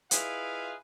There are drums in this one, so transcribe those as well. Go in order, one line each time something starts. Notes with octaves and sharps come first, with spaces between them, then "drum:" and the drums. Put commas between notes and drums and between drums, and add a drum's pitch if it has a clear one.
E4 F4 G#4 B4 D#5 F5, drum: hi-hat